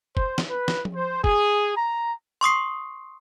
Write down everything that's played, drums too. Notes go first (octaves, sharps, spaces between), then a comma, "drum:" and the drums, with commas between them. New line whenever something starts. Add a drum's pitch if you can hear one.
C5, drum: kick
drum: snare
B4
drum: snare
drum: tom F3
C5
G#4, drum: kick
A#5
C6 C#6 D#6 C7